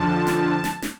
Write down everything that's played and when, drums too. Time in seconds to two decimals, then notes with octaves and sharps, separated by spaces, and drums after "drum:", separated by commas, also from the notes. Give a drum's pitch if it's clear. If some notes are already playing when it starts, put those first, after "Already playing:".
Already playing: F2 D3 F3 A5
0.27 drum: snare
0.64 drum: snare
0.82 drum: snare